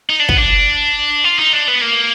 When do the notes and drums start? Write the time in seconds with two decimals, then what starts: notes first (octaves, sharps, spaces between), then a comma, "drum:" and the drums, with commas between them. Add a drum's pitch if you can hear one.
0.09 D#4
0.19 D4
0.29 B3, drum: kick
0.38 D4
1.24 F4
1.39 D#4
1.53 D4
1.68 B3
1.81 A#3